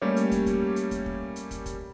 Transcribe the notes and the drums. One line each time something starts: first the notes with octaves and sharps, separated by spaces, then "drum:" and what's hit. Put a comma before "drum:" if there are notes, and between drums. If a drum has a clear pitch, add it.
G3 A3 A#3 C#4 G4 C#5
drum: hi-hat
drum: kick, hi-hat
drum: kick, hi-hat
drum: hi-hat
drum: kick, hi-hat
drum: kick
drum: hi-hat
drum: kick, hi-hat
drum: kick, hi-hat